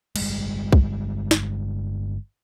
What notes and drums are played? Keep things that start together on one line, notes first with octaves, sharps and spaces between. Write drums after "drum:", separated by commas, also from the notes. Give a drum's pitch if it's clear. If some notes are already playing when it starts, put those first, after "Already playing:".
G1 F2 G3 G#3, drum: cymbal
drum: kick
drum: snare